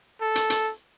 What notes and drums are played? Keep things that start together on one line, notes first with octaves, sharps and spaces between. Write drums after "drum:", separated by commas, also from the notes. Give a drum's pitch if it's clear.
A4
drum: hi-hat
drum: hi-hat